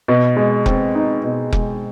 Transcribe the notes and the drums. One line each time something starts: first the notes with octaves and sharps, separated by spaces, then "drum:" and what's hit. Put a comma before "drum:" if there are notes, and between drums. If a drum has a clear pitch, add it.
B2
G#3
C4, drum: kick F1
D#4
B2
G#3, drum: kick F1